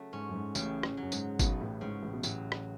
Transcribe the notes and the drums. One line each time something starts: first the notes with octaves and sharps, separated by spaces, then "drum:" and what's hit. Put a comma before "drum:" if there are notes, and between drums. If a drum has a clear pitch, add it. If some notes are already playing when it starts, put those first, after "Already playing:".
Already playing: C#3 F#3 A3
G#2 C#4
F#2
G#2
A1 A2 C#3, drum: tambourine
drum: rim click
F#3
F#2
G#2, drum: tambourine
B1 B2 B3, drum: kick G1, tambourine
A1 A2
G#2 C#3
A1 A2
B2
A1 A2 F#3, drum: tambourine
drum: rim click